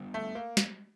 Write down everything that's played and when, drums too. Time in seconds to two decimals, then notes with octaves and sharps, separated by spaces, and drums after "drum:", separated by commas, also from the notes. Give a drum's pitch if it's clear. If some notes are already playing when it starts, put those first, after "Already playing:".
Already playing: G3 B3 D4 F4
0.14 A3
0.35 A#3
0.57 drum: snare